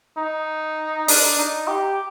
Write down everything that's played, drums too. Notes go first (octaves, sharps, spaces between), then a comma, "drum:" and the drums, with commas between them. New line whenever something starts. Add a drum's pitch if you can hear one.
D#4
D4, drum: open hi-hat
D#4
G4